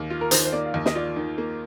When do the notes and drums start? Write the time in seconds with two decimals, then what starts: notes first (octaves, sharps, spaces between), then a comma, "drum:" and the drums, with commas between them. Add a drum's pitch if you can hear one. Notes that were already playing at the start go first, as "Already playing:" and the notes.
Already playing: D#2 A#3
0.10 F4
0.21 A#4
0.31 D#3 C5, drum: hi-hat
0.45 C5
0.52 A#3 D5
0.66 F5
0.74 D#2 D#5
0.86 D#5, drum: snare
0.95 F4 D5
1.16 D#3
1.38 A#3